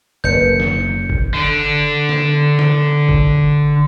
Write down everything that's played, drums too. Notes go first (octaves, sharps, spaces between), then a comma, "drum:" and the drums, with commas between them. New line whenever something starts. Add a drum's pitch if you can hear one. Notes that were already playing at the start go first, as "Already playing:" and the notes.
F#1 A#4 B4 G6 C#7
drum: snare
drum: kick
D3 D4
drum: snare
drum: snare
drum: kick